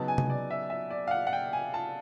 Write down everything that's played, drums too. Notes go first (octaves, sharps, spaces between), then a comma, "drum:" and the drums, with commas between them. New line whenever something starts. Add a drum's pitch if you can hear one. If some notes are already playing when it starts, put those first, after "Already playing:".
Already playing: C#3 F#3 B3 D#4 A5
G#5
drum: tom C3
D5
E5
E5
D5
F5
F#5
F#5
G5
G#5
A5